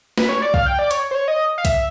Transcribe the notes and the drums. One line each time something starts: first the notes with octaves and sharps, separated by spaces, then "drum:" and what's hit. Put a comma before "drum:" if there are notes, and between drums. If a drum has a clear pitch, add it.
B4, drum: snare
C#5
D5
F5, drum: kick
G5
D5
C#5, drum: hi-hat
C5
C#5
D#5
F5
E5, drum: kick, hi-hat